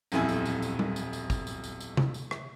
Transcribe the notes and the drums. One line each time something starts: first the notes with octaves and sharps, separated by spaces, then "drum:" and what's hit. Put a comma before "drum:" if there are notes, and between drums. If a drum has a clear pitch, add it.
D#1 B1 F2 E4 G#5, drum: tambourine
drum: tambourine
drum: tambourine
drum: tambourine
drum: tom G3
drum: tambourine
drum: tambourine
drum: kick, tambourine
drum: tambourine
drum: tambourine
drum: tambourine
drum: tom C3
drum: tambourine
drum: rim click